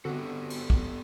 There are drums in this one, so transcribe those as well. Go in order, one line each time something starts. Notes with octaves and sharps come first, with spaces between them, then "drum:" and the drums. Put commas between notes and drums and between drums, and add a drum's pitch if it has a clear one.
D3 B3 C4 F#4 G4 A4
drum: cymbal
drum: kick